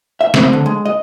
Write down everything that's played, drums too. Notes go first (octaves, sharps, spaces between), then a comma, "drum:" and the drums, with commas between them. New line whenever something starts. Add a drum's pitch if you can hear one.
E5
C4, drum: snare
D3
G#3
D#5